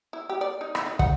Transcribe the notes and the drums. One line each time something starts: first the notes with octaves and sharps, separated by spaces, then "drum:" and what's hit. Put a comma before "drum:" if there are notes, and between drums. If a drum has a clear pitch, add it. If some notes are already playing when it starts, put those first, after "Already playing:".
E4
G4
D5
D#4
E3, drum: rim click
D#4
F#5, drum: kick